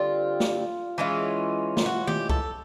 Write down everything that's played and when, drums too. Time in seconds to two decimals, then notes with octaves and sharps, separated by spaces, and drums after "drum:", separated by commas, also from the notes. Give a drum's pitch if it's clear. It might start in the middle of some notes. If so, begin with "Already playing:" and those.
Already playing: D3 G3 C4 F4
0.40 drum: snare
0.98 E3 G#3 C#4 F4
1.77 drum: snare
1.86 F#4
2.07 G4, drum: tom D#3
2.29 A4, drum: kick C2